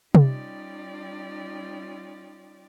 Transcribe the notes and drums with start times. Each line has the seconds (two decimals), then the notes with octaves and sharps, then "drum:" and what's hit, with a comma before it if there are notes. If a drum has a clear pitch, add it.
0.15 G3 C#4 D#4 F4 D5 G5, drum: tom C3